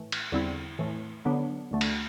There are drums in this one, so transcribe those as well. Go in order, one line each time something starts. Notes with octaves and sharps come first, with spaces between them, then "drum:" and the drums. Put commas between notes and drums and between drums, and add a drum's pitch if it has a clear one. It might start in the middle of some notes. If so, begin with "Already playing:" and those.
Already playing: A2 E3 A3
drum: cymbal
E2 D3 G3 C4 E4
A2 E3 A3
D3 F#3 B3 D4
D2 D3 A3
drum: cymbal